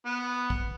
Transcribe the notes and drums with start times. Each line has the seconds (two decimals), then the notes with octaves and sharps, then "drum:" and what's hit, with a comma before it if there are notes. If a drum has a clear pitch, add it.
0.06 B3
0.50 drum: kick A#1